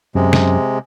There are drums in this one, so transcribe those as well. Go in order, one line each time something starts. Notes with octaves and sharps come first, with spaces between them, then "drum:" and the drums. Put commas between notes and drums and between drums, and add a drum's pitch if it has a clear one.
F#2 C3 G#3
drum: snare